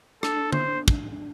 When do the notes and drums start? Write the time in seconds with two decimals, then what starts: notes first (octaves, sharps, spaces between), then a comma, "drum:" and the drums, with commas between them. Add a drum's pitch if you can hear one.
0.23 D4 A4, drum: rim click
0.52 C5, drum: tom D3
0.68 D4
0.88 drum: kick
1.13 D4